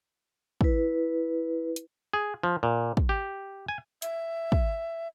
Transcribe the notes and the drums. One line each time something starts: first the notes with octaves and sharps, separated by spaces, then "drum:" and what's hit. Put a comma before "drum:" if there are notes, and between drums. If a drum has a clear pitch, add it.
E4 B4, drum: kick
drum: hi-hat
G#4
F3
A#2
drum: kick
G4
G#5
E5, drum: hi-hat
drum: kick